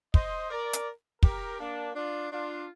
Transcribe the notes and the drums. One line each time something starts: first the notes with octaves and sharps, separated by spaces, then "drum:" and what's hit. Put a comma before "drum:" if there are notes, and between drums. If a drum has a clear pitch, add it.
C5 D#5, drum: kick
A#4 D5
drum: hi-hat
G4 A#4, drum: kick
A#3 D4
D4 F4
D4 F4